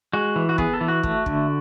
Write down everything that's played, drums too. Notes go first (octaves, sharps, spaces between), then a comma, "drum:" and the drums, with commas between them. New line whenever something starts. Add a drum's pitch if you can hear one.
G#3 F#4
E3
F#4
B3 G#4, drum: kick
A4
E3
F#4
A3, drum: kick
D3, drum: kick